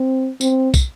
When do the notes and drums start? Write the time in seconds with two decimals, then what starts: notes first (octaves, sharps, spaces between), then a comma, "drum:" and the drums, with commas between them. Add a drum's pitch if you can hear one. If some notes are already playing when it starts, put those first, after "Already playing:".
Already playing: C4
0.41 C4, drum: tambourine
0.74 drum: kick, tambourine